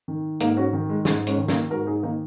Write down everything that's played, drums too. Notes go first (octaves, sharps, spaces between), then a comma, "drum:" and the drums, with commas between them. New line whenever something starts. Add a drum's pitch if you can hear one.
D#3
G#2 A#3 D#4, drum: hi-hat
C#4 F#4
D#3
G#3
G#2 G#3, drum: snare
G#3 C#4, drum: hi-hat
D#3
A#3 D#4, drum: snare
G#2 F#4 A#4
D#4 G#4
D#3 A#3 D#4